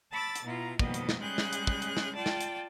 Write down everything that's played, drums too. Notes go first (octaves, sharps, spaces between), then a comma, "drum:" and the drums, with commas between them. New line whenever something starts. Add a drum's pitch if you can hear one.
A5 B5 D6 E6 A6
drum: hi-hat
B2 E4 F4 A#5
F2 B2 D#3 G3 A#3 D#5, drum: kick
drum: hi-hat
drum: snare
G3 G#3 C#4 G#4 F#6 G6
drum: snare
drum: hi-hat
drum: kick
drum: hi-hat
drum: snare
F4 D5 G5 A5
drum: snare
drum: hi-hat